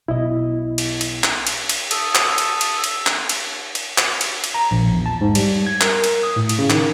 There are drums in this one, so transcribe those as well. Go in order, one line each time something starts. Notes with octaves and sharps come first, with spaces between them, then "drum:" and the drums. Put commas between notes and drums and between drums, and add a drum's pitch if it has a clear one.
B1 B2 E4 D#5
drum: cymbal
drum: cymbal
drum: clap
drum: cymbal
drum: cymbal
A4 D#6, drum: cymbal
drum: clap
drum: cymbal
drum: cymbal
drum: cymbal
drum: clap
drum: cymbal
drum: cymbal
drum: clap
drum: cymbal
drum: cymbal
A#5
A#1
E2
A5
G#2
G3, drum: cymbal
G#6
A#4, drum: clap
drum: cymbal
D#6
A2
drum: cymbal
C#3
D#3, drum: clap